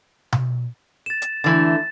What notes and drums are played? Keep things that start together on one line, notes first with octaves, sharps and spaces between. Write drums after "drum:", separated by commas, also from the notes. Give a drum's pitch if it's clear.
drum: tom B2
A6 E7
drum: hi-hat
D3 E3 A3 A6